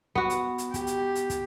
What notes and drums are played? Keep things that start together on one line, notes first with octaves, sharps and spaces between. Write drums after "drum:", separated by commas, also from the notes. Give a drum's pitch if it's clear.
B3 F#4, drum: kick
drum: hi-hat
drum: hi-hat
G4, drum: kick, hi-hat
drum: hi-hat
drum: hi-hat
drum: kick, hi-hat